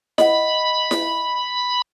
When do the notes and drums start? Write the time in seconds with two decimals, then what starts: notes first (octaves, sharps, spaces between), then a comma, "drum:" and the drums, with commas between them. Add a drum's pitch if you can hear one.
0.18 D#5 F#5 B5, drum: snare E4
0.91 drum: snare E4